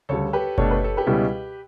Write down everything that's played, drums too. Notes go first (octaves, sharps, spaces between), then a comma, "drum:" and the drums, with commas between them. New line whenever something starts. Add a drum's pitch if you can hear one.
D2 C#3 G3 A4 C#5
G4 B4
B2 A3 D4 C#5, drum: kick F#1
B4
A4
G4 B4
C#2 B2 G3 C#4 E4